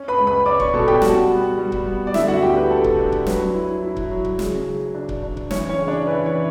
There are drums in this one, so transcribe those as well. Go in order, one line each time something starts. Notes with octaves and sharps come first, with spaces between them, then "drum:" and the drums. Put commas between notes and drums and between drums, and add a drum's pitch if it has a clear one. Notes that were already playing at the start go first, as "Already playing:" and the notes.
Already playing: C#4
B4 B5
C#2
B4 B5
C#4 D5 D6
C#5 C#6, drum: kick C#1
B2 A4 A5
G4 G5, drum: kick C#1
G3 F#4 F#5, drum: snare
B3
G3
drum: kick C#1
B3
D5
D3 E4 E5, drum: snare
F#4 F#5
D2 G4 G5
B4
A3 A4
drum: kick C#1
D4
drum: kick C#1
F#3 B4, drum: snare
E4
E4
drum: kick C#1
F#3
drum: kick C#1
C#3, drum: snare
C#3
D4
drum: kick C#1
D4
drum: kick C#1
E3 C#4 C#5, drum: snare
C#4 C#5
C#3
D4 D5
E3 B4
C#4 C#5
E3